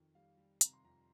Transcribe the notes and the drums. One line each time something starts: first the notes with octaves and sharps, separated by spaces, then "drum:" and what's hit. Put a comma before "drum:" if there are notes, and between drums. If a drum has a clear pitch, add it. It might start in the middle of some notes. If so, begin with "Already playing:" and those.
Already playing: F2 D#3
G3 F5
G3
C3 A#5, drum: hi-hat
C6
F2 A#5